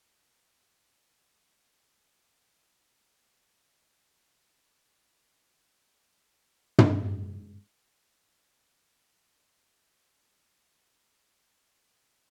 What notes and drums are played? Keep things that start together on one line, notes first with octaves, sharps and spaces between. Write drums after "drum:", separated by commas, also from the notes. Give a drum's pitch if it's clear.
A2
B1
F#2
A6
F3 B3 C4
A#2 D#4
drum: tom
A4 C6 C#6 D#6
D4 G4